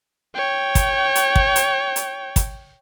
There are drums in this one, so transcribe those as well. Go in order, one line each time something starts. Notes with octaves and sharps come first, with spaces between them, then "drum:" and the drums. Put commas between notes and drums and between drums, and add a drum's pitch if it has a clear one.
C#5 G5
drum: kick, hi-hat
drum: hi-hat
drum: kick
drum: hi-hat
drum: hi-hat
drum: kick, hi-hat